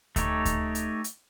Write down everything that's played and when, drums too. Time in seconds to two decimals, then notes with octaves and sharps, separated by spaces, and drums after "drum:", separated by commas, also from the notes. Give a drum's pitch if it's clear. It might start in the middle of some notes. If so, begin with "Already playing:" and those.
0.16 A3 D#4 G4 C#5, drum: kick D2, hi-hat
0.45 drum: kick D2, hi-hat
0.75 drum: hi-hat
1.04 drum: hi-hat